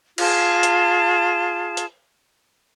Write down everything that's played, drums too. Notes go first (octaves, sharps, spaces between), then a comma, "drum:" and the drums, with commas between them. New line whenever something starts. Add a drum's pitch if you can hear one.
F4 G#4 A5, drum: cymbal
drum: hi-hat
drum: hi-hat